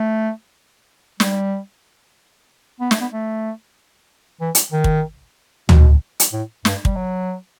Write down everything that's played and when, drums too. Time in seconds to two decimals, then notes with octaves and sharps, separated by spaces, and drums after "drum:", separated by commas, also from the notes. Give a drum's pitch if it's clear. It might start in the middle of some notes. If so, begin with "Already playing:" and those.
Already playing: A3
1.20 G3, drum: snare
2.80 B3
2.91 A3, drum: snare
3.01 B3
3.13 A3
4.41 E3
4.55 drum: hi-hat
4.72 D#3
4.84 drum: kick
5.69 B2, drum: tom
6.20 drum: hi-hat
6.33 A2
6.65 G2, drum: snare
6.85 G3, drum: kick
6.96 F#3